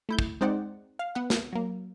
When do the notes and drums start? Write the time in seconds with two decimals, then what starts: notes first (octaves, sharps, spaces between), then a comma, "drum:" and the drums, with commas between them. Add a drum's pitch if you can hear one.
0.09 A3 E4 G6
0.19 drum: kick
0.41 G#3 C4 D#4 C5 D5 F#5
0.99 F5
1.15 B3 F#5
1.30 drum: snare
1.52 F#3 A#3